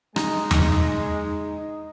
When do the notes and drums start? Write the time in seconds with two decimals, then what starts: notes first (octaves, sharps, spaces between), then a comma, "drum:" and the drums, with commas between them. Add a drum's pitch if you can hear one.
0.16 G#3 D#4, drum: rim click
0.51 drum: tom E2